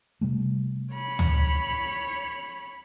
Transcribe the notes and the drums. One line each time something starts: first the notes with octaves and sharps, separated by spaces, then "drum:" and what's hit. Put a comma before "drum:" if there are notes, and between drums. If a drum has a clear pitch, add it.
C3 G3 A3
C#5 B5
drum: tom